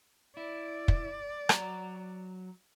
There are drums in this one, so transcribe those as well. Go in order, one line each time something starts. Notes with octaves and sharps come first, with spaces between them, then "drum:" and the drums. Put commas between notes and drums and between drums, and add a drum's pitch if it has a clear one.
E4 D5
drum: kick
F#3 A#5, drum: rim click